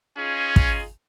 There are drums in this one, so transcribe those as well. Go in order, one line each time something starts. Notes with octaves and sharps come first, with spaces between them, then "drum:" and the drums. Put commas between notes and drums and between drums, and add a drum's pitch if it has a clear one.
C#4 D#4 F4 G#4
drum: kick